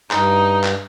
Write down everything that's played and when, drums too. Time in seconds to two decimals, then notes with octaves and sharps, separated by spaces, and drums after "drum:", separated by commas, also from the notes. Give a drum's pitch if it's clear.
0.11 G2 D#4, drum: clap
0.64 drum: clap